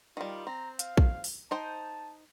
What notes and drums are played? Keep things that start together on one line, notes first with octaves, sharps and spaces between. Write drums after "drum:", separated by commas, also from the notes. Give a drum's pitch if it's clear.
D#3 G3 F4
C4 A#5
F5, drum: hi-hat
drum: kick
drum: open hi-hat
D#4 C5 G5 A5